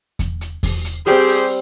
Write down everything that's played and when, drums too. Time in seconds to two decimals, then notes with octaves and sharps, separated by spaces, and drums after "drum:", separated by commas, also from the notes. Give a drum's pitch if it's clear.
0.19 drum: kick E2, hi-hat
0.41 drum: hi-hat
0.63 drum: kick E2, open hi-hat
0.85 drum: hi-hat
1.07 G3 C4 G4 G#4 C5
1.29 drum: open hi-hat